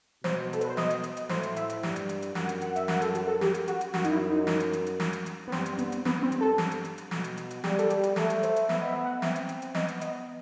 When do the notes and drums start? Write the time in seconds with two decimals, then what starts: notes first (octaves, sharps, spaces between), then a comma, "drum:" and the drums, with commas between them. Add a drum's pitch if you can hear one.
0.24 B2 C5, drum: snare
0.53 A4, drum: hi-hat
0.61 B4, drum: hi-hat
0.69 C5
0.77 D#5, drum: snare
0.90 drum: hi-hat
1.03 drum: hi-hat
1.17 drum: hi-hat
1.29 A2 C5, drum: snare
1.43 drum: hi-hat
1.56 E5, drum: hi-hat
1.69 drum: hi-hat
1.83 G2, drum: snare
1.96 drum: hi-hat
2.09 drum: hi-hat
2.22 drum: hi-hat
2.35 F#2 F#5, drum: snare
2.49 drum: hi-hat
2.61 F#5, drum: hi-hat
2.76 E5, drum: hi-hat
2.88 F#5, drum: snare
3.01 A4, drum: hi-hat
3.15 F#4, drum: hi-hat
3.27 A4
3.41 G4, drum: snare
3.54 drum: hi-hat
3.68 F#4, drum: hi-hat
3.81 drum: hi-hat
3.94 F#2 F#4, drum: snare
4.04 D#4, drum: hi-hat
4.11 E4
4.29 D#4
4.47 drum: snare
4.60 drum: hi-hat
4.73 drum: hi-hat
4.86 drum: hi-hat
5.00 drum: snare
5.13 drum: hi-hat
5.26 drum: hi-hat
5.48 B3
5.52 G2 C4, drum: snare
5.66 drum: hi-hat
5.78 B3, drum: hi-hat
5.92 drum: hi-hat
6.05 G2 B3, drum: snare
6.23 C4
6.32 drum: hi-hat
6.41 A4
6.58 drum: snare
6.71 drum: hi-hat
6.85 drum: hi-hat
6.98 drum: hi-hat
7.11 B2, drum: snare
7.24 drum: hi-hat
7.37 drum: hi-hat
7.51 drum: hi-hat
7.64 G3 G4, drum: snare
7.79 A4, drum: hi-hat
7.90 G4, drum: hi-hat
8.03 drum: hi-hat
8.16 A3 A4, drum: snare
8.30 drum: hi-hat
8.43 C5, drum: hi-hat
8.56 drum: hi-hat
8.69 B3 E5, drum: snare
8.79 D#5
8.87 E5
9.05 F#5
9.22 C4 E5, drum: snare
9.35 drum: hi-hat
9.49 drum: hi-hat
9.62 drum: hi-hat
9.75 B3 D#5, drum: snare
9.88 drum: hi-hat
10.01 D#5, drum: hi-hat